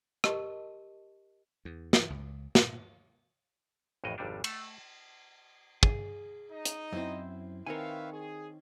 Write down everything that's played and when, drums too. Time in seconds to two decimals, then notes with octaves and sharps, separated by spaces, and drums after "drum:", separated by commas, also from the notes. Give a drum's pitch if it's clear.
0.24 G4 A#4 D#5 A5 C6 C#6, drum: rim click
1.65 E2
1.93 E3, drum: snare
2.10 C#2
2.55 A#2, drum: snare
4.04 A1 F2 A2 D#5
4.18 G#1 F2 C3 G3 D4
4.44 A3 A4, drum: cymbal
5.83 G#4, drum: kick
6.51 D#4 D#5
6.65 drum: hi-hat
6.93 F#2 C4 E4 C5
7.66 D#3 C4 A#4 B4 C#5 E5 F5 G#5
8.13 G#4